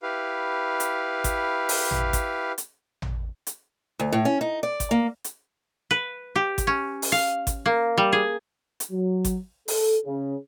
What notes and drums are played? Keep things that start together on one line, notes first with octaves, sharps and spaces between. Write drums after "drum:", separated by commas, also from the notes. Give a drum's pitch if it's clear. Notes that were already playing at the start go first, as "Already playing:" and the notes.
E4 G4 B4 F5
drum: hi-hat
drum: kick G#1, hi-hat
drum: open hi-hat
drum: tom
drum: kick G#1, hi-hat
drum: hi-hat
drum: tom
drum: hi-hat
D2
A2
C#4
D#4
D5
drum: kick G#1, hi-hat
A#3
drum: hi-hat
B4
G4
drum: kick G#1, hi-hat
C#4
drum: open hi-hat
F5
drum: kick G#1, hi-hat
A#3
G3
G#4
drum: hi-hat
F#3
drum: kick G#1, hi-hat
A4, drum: open hi-hat
C#3